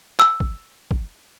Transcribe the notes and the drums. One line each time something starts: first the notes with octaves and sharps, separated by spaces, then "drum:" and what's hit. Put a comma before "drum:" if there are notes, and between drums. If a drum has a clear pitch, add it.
E6, drum: clap
drum: kick
drum: kick